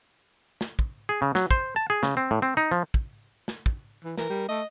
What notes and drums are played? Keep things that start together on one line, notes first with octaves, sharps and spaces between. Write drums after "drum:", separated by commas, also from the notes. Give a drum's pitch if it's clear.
drum: snare
drum: kick
G#4
C#3
F#3, drum: snare
C5, drum: kick
A5
G#4
C#3, drum: snare
C4
A2
C4
D#4
F3
drum: kick
drum: snare
drum: kick
E3
E3 A#4, drum: snare
G3
A3 D#5